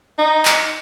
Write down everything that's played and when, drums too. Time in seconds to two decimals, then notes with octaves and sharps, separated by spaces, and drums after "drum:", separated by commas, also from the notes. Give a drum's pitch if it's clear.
0.19 D#4
0.45 drum: clap